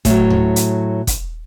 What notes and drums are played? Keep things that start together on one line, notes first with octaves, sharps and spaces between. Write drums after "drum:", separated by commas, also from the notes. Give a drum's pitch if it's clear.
A2 F#3, drum: kick, hi-hat
drum: tom D2
drum: hi-hat
drum: kick, hi-hat